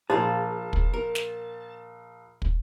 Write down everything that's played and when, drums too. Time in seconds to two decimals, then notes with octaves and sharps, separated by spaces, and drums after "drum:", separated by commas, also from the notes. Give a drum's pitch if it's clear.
0.10 A#1 A#3 F4 G#4 A5
0.73 drum: kick
0.94 A#4
1.15 drum: snare
2.42 drum: kick